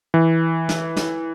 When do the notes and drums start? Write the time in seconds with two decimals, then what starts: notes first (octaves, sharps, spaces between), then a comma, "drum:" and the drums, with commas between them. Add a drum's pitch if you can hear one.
0.14 E3
0.69 drum: snare
0.96 drum: snare